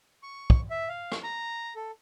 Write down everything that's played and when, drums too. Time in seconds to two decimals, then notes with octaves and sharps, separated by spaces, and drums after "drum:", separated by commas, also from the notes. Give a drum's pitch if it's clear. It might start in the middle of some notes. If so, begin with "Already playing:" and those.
0.23 C#6
0.50 drum: kick
0.70 E5
0.89 F5
1.12 drum: rim click
1.24 A#5
1.76 A4